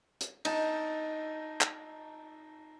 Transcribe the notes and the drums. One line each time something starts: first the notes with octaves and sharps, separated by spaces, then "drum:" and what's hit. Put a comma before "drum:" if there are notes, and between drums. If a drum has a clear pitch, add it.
drum: hi-hat
D#4 A5, drum: cymbal
drum: clap